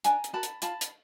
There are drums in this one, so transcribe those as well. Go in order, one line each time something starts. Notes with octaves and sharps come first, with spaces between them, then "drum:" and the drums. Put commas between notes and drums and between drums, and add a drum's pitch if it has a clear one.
D4 G#5 A#5, drum: hi-hat
drum: hi-hat
F#4 A#4 A5 B5
drum: hi-hat
F4 A5 B5, drum: hi-hat
drum: hi-hat